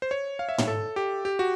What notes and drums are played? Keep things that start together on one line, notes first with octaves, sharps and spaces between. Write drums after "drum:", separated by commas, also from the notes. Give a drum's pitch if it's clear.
C5
C#5
F5
E5
C#5, drum: tom
A4
G4
G4
F#4